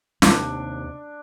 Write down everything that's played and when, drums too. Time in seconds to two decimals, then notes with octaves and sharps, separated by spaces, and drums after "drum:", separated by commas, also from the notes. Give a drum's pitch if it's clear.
0.22 D#2 C3 D4, drum: snare